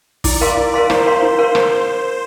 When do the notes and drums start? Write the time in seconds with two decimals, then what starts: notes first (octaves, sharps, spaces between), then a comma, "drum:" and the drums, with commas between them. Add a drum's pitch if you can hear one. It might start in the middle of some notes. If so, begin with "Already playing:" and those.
0.24 E4 D5, drum: kick, open hi-hat
0.41 A#4 F5 C6
0.57 E4
0.74 A#4 F5 C6
0.90 E4 C5, drum: rim click
1.06 A#4 F5 C6
1.22 E4
1.39 A#4 F5 C6
1.55 drum: rim click